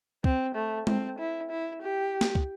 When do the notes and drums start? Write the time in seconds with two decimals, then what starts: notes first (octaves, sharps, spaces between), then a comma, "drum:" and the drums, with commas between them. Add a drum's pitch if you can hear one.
0.24 C4, drum: kick
0.55 A3
0.87 C4, drum: tom G#3
1.19 E4
1.51 E4
1.82 G4
2.21 drum: snare
2.35 drum: kick